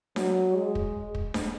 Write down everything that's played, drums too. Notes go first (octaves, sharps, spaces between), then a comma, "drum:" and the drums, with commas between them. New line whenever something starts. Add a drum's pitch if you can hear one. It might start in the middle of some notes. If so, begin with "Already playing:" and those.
F#3, drum: snare D4
G#3
drum: kick
drum: kick
drum: snare D4